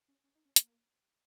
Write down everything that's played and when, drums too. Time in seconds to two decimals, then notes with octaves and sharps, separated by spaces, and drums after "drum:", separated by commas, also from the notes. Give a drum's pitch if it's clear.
0.08 C#4
0.24 C#4
0.35 D#4
0.45 C#4
0.56 A#3, drum: hi-hat